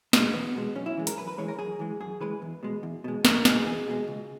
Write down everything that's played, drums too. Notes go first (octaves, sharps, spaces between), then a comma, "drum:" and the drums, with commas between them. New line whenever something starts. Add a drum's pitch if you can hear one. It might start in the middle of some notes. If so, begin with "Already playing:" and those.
B2 G#3, drum: snare
E2 B3
B2 G#3
F#2 C#4
E4
E3 G#3
A#4, drum: hi-hat
F#2 B4
B4
E3 G#3 C#5
A#4
F#2 G#4
E3 G#3
F#2 G#4
E3 G#3 B4
E2
B2 G#3
E2
B2 G#3
E2 A#4, drum: snare
B2 G#3 G#4, drum: snare
E2 G#4
B2 G#3
C#2